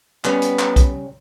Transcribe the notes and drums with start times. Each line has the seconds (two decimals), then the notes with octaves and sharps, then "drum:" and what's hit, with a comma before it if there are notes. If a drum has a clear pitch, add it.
0.25 G3 B3 C#4, drum: clap
0.42 drum: hi-hat
0.59 drum: clap
0.76 drum: kick, hi-hat